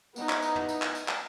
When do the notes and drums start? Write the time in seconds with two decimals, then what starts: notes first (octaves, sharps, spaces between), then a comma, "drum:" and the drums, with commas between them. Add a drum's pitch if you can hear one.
0.16 B3 D#4 E4, drum: tambourine
0.29 drum: clap
0.42 drum: tambourine
0.55 drum: tom
0.69 drum: tambourine
0.82 drum: clap
0.95 drum: tambourine
1.08 drum: clap